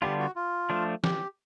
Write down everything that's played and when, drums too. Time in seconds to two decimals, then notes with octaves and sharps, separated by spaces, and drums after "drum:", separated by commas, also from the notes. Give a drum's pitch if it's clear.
0.02 D3 G3 B3 D4 F4 G4
0.19 F#4
0.36 F4
0.70 F3 A3 D4
1.04 G4, drum: snare